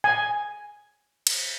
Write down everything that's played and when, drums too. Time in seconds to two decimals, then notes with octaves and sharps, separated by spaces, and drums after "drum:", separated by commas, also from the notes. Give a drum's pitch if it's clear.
0.04 G#5
1.27 drum: cymbal